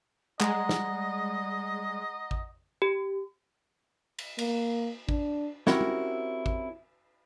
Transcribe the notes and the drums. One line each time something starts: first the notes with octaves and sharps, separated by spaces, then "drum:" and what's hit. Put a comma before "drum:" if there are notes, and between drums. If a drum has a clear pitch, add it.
G3 G#3 D#5 F#5 A#5 D#6, drum: clap
drum: snare
drum: kick
G4
drum: cymbal
A#3, drum: cymbal
D4, drum: kick
C4 C#4 E4 F#4 G4 A#4, drum: snare
drum: tom
drum: kick